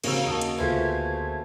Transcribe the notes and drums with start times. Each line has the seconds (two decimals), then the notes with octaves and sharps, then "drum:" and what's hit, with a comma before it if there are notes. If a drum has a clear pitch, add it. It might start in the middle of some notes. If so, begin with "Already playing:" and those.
0.04 G#1 C#3 A#3 C#4 F#4 G#4 A#4 E6, drum: cymbal
0.26 D#2 D#5 A5
0.41 drum: hi-hat
0.58 D2 C#3 A3 B3 F4 A4 C5 G#6